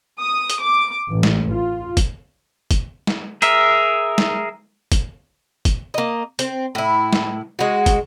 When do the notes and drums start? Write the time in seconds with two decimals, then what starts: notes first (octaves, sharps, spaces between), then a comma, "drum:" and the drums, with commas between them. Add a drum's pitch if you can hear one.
0.21 D#6
0.50 drum: hi-hat
0.62 D6
1.10 A1
1.23 drum: snare
1.50 F4
1.97 drum: kick, hi-hat
2.71 drum: kick, hi-hat
3.07 drum: snare
3.42 G#4 A#4 E5, drum: hi-hat
4.18 drum: snare
4.92 drum: kick, hi-hat
5.65 drum: kick, hi-hat
5.94 A#3 D#5
6.39 C4, drum: hi-hat
6.75 A2 E4
7.13 drum: snare
7.59 G#3 F#4
7.86 drum: kick, hi-hat